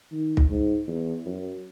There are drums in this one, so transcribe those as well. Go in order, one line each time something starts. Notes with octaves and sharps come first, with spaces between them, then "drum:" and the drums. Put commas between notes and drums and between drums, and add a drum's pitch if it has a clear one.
D#3
drum: kick
G#2
E2
F#2